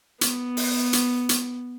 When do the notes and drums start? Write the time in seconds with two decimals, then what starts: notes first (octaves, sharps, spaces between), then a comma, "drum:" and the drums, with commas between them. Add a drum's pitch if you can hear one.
0.21 B3, drum: hi-hat
0.57 drum: open hi-hat
0.93 drum: hi-hat
1.29 drum: hi-hat